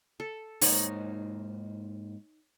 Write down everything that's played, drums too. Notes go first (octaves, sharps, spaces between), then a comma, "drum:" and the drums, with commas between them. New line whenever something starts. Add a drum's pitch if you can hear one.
A4
G#2 A#3 D#4 C5 C#5, drum: open hi-hat